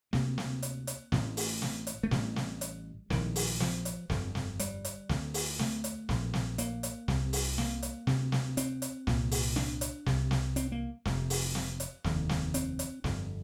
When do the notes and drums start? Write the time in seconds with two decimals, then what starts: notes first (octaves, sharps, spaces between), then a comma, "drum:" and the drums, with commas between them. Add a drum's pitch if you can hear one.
0.13 D2 C3 A#3, drum: snare
0.38 drum: snare
0.62 drum: hi-hat
0.87 drum: hi-hat
1.12 A1 A2, drum: snare
1.37 drum: open hi-hat
1.62 drum: snare
1.87 drum: hi-hat
2.03 A3
2.11 A1 A2 G3, drum: snare
2.36 drum: snare
2.61 drum: hi-hat
3.10 A#1 A2 D#3, drum: snare
3.36 drum: open hi-hat
3.60 F3, drum: snare
3.85 drum: hi-hat
4.10 G1 F2 D3, drum: snare
4.35 drum: snare
4.59 G3, drum: hi-hat
4.85 drum: hi-hat
5.09 D2 D3, drum: snare
5.34 drum: open hi-hat
5.59 A3, drum: snare
5.84 drum: hi-hat
6.09 A#1 A2, drum: snare
6.34 drum: snare
6.58 A#3, drum: hi-hat
6.83 drum: hi-hat
7.08 C2 C3, drum: snare
7.33 drum: open hi-hat
7.58 A#3, drum: snare
7.82 drum: hi-hat
8.07 D2 C3, drum: snare
8.32 drum: snare
8.57 C4, drum: hi-hat
8.82 drum: hi-hat
9.07 C2 A#2, drum: snare
9.31 drum: open hi-hat
9.56 D4, drum: snare
9.81 drum: hi-hat
10.06 C2 C3, drum: snare
10.31 drum: snare
10.56 C4, drum: hi-hat
10.72 A#3
11.05 F1 F2 C3, drum: snare
11.30 drum: open hi-hat
11.55 drum: snare
11.80 drum: hi-hat
12.04 F1 D#2 D3, drum: snare
12.29 drum: snare
12.54 C4, drum: hi-hat
12.79 drum: hi-hat
13.04 G1 F2 D3, drum: snare